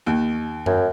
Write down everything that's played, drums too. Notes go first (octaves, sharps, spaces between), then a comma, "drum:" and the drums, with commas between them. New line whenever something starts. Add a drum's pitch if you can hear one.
D#2
F#2, drum: tom F#2